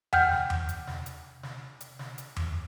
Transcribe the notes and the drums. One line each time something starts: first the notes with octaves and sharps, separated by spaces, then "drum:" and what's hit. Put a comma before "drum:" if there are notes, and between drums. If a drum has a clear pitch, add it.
F#5 G5 F6 G6, drum: tom E2
drum: snare
drum: tom E2
drum: hi-hat
drum: snare
drum: hi-hat
drum: snare
drum: hi-hat
drum: snare
drum: hi-hat
drum: tom E2